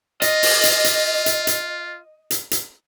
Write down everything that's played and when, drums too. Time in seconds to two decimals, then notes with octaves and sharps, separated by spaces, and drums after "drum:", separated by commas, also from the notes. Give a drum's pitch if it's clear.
0.22 F4 D#5, drum: hi-hat
0.43 drum: open hi-hat
0.64 drum: hi-hat
0.84 drum: hi-hat
1.26 drum: hi-hat
1.47 drum: hi-hat
2.31 drum: hi-hat
2.51 drum: hi-hat